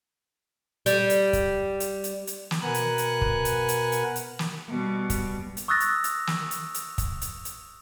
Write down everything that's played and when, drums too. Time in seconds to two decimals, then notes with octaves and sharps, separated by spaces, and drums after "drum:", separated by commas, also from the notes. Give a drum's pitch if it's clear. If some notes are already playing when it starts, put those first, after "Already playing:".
0.86 G3, drum: hi-hat
1.10 drum: hi-hat
1.33 drum: kick, hi-hat
1.80 drum: hi-hat
2.04 drum: hi-hat
2.27 drum: hi-hat
2.51 drum: snare
2.62 B2 A#4 B4 F#5 G#5 F#6
2.74 drum: hi-hat
2.98 drum: hi-hat
3.21 drum: kick
3.45 drum: hi-hat
3.68 drum: hi-hat
3.92 drum: hi-hat
4.16 drum: hi-hat
4.39 drum: snare
4.69 B2 G3
5.10 drum: kick, hi-hat
5.57 drum: hi-hat
5.68 C#6 D#6 E6 F#6 A6 A#6
5.80 drum: hi-hat
6.04 drum: hi-hat
6.27 drum: snare
6.51 drum: hi-hat
6.74 drum: hi-hat
6.98 drum: kick, hi-hat
7.21 drum: hi-hat
7.45 drum: hi-hat